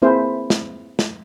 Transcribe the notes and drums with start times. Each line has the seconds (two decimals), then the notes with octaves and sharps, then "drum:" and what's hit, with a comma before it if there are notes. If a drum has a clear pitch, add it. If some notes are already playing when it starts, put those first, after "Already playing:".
0.02 A#3 C4 E4 G#4 C5
0.50 drum: snare
0.99 drum: snare